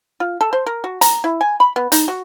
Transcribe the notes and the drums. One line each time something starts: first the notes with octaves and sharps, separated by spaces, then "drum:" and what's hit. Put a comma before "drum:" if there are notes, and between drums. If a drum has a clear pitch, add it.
F4
A4
C5
A#4
F#4
A#5, drum: hi-hat
E4
G#5
B5
B3
D#4, drum: hi-hat
F#4